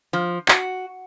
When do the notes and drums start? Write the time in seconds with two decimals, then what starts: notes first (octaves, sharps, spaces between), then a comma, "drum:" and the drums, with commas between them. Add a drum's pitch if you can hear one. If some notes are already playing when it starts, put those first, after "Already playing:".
0.13 F3
0.48 F#4, drum: clap